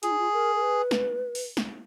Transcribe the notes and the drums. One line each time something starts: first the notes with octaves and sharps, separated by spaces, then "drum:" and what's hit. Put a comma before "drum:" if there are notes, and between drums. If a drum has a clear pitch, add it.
F4 G#4, drum: hi-hat
D#4
F4
A#4
A#4
B4
drum: snare
drum: open hi-hat
drum: snare